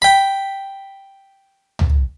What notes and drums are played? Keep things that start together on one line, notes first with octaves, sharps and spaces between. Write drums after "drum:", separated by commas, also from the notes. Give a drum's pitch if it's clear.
G5 B5
drum: tom